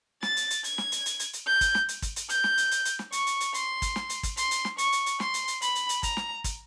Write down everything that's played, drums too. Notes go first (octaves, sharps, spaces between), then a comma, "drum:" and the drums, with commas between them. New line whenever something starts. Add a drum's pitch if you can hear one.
A6, drum: snare
drum: hi-hat
drum: hi-hat
G#6, drum: hi-hat
drum: snare
drum: hi-hat
drum: hi-hat
drum: hi-hat
drum: hi-hat
G6
drum: kick, hi-hat
drum: snare
drum: hi-hat
drum: kick, hi-hat
drum: hi-hat
G6, drum: hi-hat
drum: snare
drum: hi-hat
drum: hi-hat
drum: hi-hat
drum: snare
C#6, drum: hi-hat
drum: hi-hat
drum: hi-hat
C6, drum: hi-hat
drum: kick, hi-hat
drum: snare
drum: hi-hat
drum: kick, hi-hat
C6, drum: hi-hat
drum: hi-hat
drum: snare
C#6, drum: hi-hat
drum: hi-hat
drum: hi-hat
C6, drum: snare
drum: hi-hat
drum: hi-hat
B5, drum: hi-hat
drum: hi-hat
drum: hi-hat
A#5, drum: kick, hi-hat
drum: snare
drum: kick, hi-hat